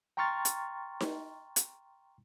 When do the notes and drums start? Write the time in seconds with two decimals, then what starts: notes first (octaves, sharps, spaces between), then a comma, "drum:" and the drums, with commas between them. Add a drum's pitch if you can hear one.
0.17 G5 A#5 C6 C#6 F6 A6
0.45 drum: hi-hat
1.01 drum: snare D#4
1.56 drum: hi-hat